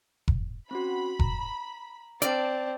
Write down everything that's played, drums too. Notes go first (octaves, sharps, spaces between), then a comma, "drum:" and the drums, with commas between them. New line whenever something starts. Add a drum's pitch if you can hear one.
drum: kick F1
C4 C#4 F#4 B5
A#5, drum: kick F1
C4 D5 A5, drum: hi-hat